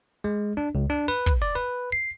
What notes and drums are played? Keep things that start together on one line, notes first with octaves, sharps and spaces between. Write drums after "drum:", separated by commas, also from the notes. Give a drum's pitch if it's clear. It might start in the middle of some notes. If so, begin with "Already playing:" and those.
G#3
D4
C#2
D4
B4
drum: kick
D5
B4
C7